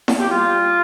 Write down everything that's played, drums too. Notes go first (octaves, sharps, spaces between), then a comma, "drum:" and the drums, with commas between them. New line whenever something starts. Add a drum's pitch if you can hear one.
drum: snare E4
G4
G3 F4